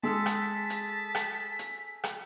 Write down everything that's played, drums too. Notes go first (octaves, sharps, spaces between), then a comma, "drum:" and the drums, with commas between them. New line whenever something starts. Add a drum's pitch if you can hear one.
G#3 G#4 A4 A5 E6 B6
drum: rim click
drum: hi-hat
drum: rim click
drum: hi-hat
drum: rim click